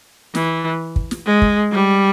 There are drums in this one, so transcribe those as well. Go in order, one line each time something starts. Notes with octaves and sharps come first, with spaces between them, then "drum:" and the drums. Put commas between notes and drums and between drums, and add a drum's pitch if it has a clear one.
E3, drum: snare
drum: kick
drum: snare
G#3
drum: kick
G3